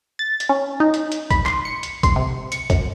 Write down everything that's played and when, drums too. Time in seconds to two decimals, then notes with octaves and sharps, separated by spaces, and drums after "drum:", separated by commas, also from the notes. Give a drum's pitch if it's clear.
0.19 A6
0.40 drum: hi-hat
0.49 C#4
0.80 D#4
0.94 drum: hi-hat
1.12 drum: hi-hat
1.31 B5, drum: kick, hi-hat
1.46 C6, drum: clap
1.65 C#7
1.83 drum: hi-hat
2.03 C6, drum: kick, hi-hat
2.16 C3
2.52 C#7, drum: hi-hat
2.70 F#2, drum: kick, hi-hat